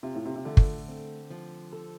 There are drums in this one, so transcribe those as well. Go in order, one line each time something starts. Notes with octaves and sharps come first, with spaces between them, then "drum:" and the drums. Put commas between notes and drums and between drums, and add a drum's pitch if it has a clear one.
C3 F4
A2
C3
C3
D3 A3
drum: kick
C4
F3
A4